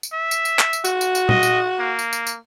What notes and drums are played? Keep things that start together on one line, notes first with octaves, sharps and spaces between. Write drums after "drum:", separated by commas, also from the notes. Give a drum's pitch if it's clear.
drum: tambourine
E5
drum: tambourine
drum: tambourine
drum: clap
drum: tambourine
F#4, drum: tambourine
drum: tambourine
drum: tambourine
D#5, drum: tom
drum: tambourine
A#3
drum: tambourine
drum: tambourine
drum: tambourine